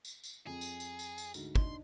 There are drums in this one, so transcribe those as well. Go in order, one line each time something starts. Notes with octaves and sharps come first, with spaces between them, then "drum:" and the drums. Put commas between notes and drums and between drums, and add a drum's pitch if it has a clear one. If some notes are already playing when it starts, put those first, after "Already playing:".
drum: tambourine
drum: tambourine
F2 G#4
drum: tambourine
drum: tambourine
drum: tambourine
drum: tambourine
D2 G#2, drum: tambourine
D4 D#4 C6, drum: kick